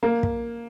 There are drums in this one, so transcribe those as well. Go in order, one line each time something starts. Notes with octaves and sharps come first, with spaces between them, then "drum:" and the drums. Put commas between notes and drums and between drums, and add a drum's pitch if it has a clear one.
A#3
drum: kick